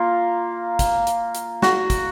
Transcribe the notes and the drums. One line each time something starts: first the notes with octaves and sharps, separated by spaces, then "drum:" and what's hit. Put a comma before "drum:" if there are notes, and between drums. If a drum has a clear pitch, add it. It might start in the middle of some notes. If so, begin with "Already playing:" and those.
Already playing: A#3 F4
drum: kick, hi-hat
drum: hi-hat
drum: hi-hat
F#4, drum: snare
drum: kick, hi-hat